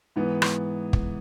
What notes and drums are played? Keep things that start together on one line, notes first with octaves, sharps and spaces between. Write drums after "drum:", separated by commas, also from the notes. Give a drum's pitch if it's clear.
G#2 E3 B3
drum: rim click
drum: kick